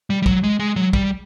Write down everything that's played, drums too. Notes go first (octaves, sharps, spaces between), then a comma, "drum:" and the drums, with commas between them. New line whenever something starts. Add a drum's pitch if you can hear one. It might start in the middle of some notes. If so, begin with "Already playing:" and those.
G3
G3
F#3, drum: kick
G#3
G#3
F#3
G3, drum: kick